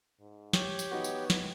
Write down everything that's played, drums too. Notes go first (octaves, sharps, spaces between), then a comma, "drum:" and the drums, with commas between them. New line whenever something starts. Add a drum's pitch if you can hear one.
G#2
G4 C#5, drum: snare
drum: tambourine
B3 D#4 F#4
drum: tambourine
drum: snare